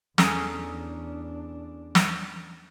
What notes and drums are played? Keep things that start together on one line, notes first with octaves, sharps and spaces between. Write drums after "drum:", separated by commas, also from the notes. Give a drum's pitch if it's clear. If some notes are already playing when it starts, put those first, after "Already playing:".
E2 C#4 D4 G#4 A4 A#5 D#6, drum: snare
drum: snare